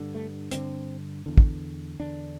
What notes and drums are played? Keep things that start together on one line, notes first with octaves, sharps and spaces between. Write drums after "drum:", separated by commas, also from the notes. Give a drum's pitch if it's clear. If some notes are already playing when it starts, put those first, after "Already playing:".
Already playing: G2 D3
A3
G2 D3 C4, drum: hi-hat
E2 D3
drum: kick
E2 D3 D4